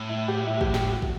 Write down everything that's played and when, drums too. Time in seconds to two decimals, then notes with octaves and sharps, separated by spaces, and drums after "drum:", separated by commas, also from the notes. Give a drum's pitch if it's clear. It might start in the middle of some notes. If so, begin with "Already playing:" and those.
Already playing: A2
0.09 E4
0.28 G4
0.47 E4
0.61 G4, drum: kick
0.74 G4, drum: snare
0.88 F#4
1.02 drum: kick